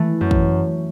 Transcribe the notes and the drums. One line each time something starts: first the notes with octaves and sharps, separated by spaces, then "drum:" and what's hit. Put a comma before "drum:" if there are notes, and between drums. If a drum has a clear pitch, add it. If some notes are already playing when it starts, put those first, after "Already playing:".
Already playing: E3 A3
F#2
drum: kick